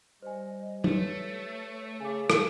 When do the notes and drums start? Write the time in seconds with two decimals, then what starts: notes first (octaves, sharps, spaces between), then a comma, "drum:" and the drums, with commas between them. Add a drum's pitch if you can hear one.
0.22 G3 C5 D#5 G#5
0.84 A3 G4 B4 C#5, drum: tom
2.00 C#3 G#5 D6
2.30 drum: rim click